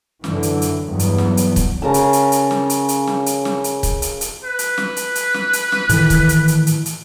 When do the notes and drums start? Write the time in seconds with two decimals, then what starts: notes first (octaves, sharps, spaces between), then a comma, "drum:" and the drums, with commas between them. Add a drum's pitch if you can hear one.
0.24 F#2 D3 E3, drum: snare
0.43 drum: hi-hat
0.62 drum: hi-hat
0.85 E2 G2 E3 F#3 B3
0.99 drum: hi-hat
1.18 drum: snare
1.37 drum: hi-hat
1.56 drum: kick, hi-hat
1.82 C#3 A#4 A5
1.94 drum: hi-hat
2.13 drum: hi-hat
2.32 drum: hi-hat
2.51 drum: snare
2.70 drum: hi-hat
2.88 drum: hi-hat
3.07 drum: snare
3.26 drum: hi-hat
3.45 drum: snare
3.64 drum: hi-hat
3.83 drum: kick, hi-hat
4.02 drum: hi-hat
4.21 drum: hi-hat
4.44 B4
4.59 drum: hi-hat
4.78 drum: snare
4.96 drum: hi-hat
5.15 drum: hi-hat
5.34 drum: snare
5.53 drum: hi-hat
5.72 drum: snare
5.89 A2 D#3 E3, drum: hi-hat
6.10 drum: kick, hi-hat
6.29 drum: hi-hat
6.48 drum: hi-hat
6.67 drum: hi-hat
6.86 drum: hi-hat